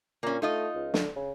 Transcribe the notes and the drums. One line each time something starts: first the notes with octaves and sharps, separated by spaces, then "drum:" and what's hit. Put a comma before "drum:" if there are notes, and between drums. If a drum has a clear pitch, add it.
A#2 A#3 C#4
A3 D#4 F4 D#5
C#2
D3, drum: snare
C#3